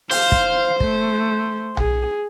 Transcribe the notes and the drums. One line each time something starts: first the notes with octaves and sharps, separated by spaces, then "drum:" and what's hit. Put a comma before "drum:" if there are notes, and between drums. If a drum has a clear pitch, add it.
C5 F5, drum: open hi-hat
drum: kick
A3, drum: kick
G#4, drum: tom B1